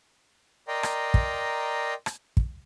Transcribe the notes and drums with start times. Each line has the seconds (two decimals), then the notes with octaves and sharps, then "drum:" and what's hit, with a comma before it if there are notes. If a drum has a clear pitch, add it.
0.68 A#4 D5 D#5 G5 A#5 C6
0.83 drum: rim click
1.14 drum: kick
2.06 drum: rim click
2.37 drum: kick